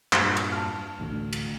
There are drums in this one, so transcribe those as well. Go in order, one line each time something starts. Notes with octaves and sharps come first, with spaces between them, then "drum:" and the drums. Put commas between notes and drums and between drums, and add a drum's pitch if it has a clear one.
G2 A#2, drum: clap
drum: cymbal
A5 F6
A1 D2
drum: cymbal